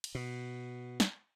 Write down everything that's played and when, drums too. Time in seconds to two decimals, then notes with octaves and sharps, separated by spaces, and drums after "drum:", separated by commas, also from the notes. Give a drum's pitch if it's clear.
0.04 drum: cymbal
0.15 B2
1.00 drum: snare